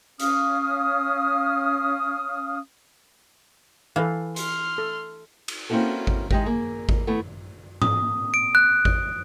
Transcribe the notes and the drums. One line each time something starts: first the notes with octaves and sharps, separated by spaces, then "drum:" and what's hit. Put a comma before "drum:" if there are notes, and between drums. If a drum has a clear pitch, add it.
C#4 F5 D#6 F6, drum: hi-hat
E3 A4 B4 F5
C6 F6, drum: hi-hat
A4
drum: cymbal
A#3 C4 C#4 E4 F#4 A4
drum: kick G#1
G#3 D#4 G4 D#5 E5, drum: kick G#1
A#3 G#4
drum: kick G#1
A3 B3 E4 A4
D#6, drum: tom G#2
D7
F#6
F#6, drum: kick G#1